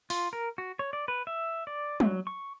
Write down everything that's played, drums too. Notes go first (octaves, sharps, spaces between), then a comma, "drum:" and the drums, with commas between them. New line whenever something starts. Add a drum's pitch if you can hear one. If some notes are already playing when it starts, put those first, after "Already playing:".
F4, drum: open hi-hat
A#4
F#4
C#5
D5
B4
E5
D5
F#3, drum: tom
C#6